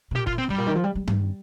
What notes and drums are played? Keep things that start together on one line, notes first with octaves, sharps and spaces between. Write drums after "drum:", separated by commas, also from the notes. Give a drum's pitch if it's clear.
C3
A#2 G4
F4, drum: kick
C4
G2 G3
A#2
D#3
F3
G3
G3
G3, drum: tom G2